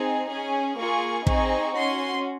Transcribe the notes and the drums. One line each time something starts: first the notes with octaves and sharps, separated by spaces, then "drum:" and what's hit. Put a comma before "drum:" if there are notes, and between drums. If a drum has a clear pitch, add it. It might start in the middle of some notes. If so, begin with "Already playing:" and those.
Already playing: C4 D#4 G#4
C#4 G#4
A#3 F4 G#4 C#6
C4 D#4 G#4 C#6, drum: kick
C#4 F#4 C6